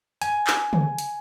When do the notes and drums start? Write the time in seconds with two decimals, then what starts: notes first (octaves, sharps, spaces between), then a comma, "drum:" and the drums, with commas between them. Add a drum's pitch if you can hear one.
0.22 G#5, drum: hi-hat
0.47 drum: clap
0.73 drum: tom
0.98 drum: hi-hat